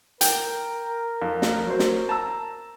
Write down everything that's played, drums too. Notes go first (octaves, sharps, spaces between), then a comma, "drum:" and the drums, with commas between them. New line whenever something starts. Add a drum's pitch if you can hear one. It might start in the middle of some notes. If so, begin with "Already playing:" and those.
A#4 G5, drum: hi-hat
F2
drum: snare
F#3 C5
drum: snare
A5 A#5 E6